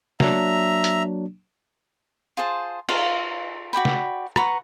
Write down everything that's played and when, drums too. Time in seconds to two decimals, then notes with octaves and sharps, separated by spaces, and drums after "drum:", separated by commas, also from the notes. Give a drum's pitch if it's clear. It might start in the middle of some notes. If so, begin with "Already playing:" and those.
0.20 F#3 A#3 D4 E5 A#5, drum: snare
0.84 drum: hi-hat
2.37 F4 G#4 C5 A5
2.89 F4 C#5 F5, drum: cymbal
3.73 F#4 D5 G5 B5
3.85 drum: snare
4.36 B4 F#5 A#5 C#6, drum: rim click